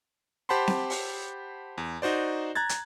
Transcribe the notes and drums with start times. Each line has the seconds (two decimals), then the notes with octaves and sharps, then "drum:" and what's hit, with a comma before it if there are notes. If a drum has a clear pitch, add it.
0.49 G4 C5 F#5 A5 B5 C6
0.67 drum: snare C4
0.90 drum: open hi-hat
1.78 E2
2.02 D#4 F#4 C5 D5
2.55 A#5 F#6 G#6 A6
2.69 drum: hi-hat